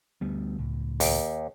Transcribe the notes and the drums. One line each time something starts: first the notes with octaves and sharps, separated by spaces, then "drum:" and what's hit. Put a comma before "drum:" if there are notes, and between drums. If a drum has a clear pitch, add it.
D2 G3 B3
C#2 A2
D#2, drum: open hi-hat